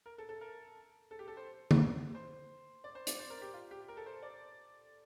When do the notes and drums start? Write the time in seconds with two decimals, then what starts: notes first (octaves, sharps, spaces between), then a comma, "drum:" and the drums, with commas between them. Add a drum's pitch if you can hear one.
0.06 A#4
0.18 A4
0.29 A4
0.41 A#4
1.11 A4
1.19 G4
1.28 A4
1.37 C5
1.71 drum: tom D3
2.15 C5
2.84 D5
2.95 C5
3.07 D5, drum: hi-hat
3.19 C5
3.30 A#4
3.42 G4
3.54 F4
3.71 G4
3.88 A#4
3.97 A4
4.06 C5
4.22 D5